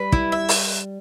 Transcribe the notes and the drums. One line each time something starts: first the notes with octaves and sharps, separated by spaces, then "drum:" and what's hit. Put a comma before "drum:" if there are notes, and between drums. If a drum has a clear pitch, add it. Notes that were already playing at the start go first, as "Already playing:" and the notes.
Already playing: G3 B4
E4, drum: kick
E5
drum: open hi-hat